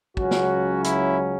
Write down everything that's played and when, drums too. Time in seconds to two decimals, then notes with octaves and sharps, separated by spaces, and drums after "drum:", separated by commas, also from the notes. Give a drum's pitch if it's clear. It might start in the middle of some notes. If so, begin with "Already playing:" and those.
0.17 C#2 C#3 F#3 C#4 F#4, drum: kick
0.31 drum: snare
0.84 E4, drum: hi-hat